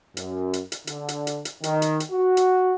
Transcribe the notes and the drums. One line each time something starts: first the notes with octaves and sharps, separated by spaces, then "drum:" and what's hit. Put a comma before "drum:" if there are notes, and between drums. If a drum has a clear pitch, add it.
F#2, drum: hi-hat
drum: hi-hat
drum: hi-hat
D3, drum: hi-hat
drum: hi-hat
drum: hi-hat
drum: hi-hat
D#3, drum: hi-hat
drum: hi-hat
drum: hi-hat
F#4
drum: hi-hat